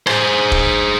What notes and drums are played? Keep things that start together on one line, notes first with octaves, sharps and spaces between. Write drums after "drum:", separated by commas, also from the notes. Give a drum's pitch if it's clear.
G#4 C5, drum: rim click
drum: kick E1